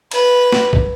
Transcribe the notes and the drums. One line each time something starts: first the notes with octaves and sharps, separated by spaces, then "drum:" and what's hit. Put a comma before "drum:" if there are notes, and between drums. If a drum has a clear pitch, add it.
B4, drum: cymbal
drum: snare
drum: kick